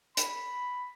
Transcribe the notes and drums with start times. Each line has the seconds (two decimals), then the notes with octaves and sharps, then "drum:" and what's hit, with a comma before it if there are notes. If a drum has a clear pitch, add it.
0.17 B5, drum: hi-hat